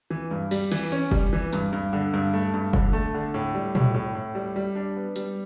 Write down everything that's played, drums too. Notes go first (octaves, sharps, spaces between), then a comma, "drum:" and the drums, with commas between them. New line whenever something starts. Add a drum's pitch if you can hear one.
E3
G2
G3, drum: open hi-hat
E3, drum: cymbal
C#4
G3, drum: kick
E3
G2, drum: hi-hat
G2
D3
G2
A3
G2
D3, drum: kick
A3
D3
A2
G3
A2, drum: tom A#2
A2
A2
G3
G3
D4
B3
G3, drum: hi-hat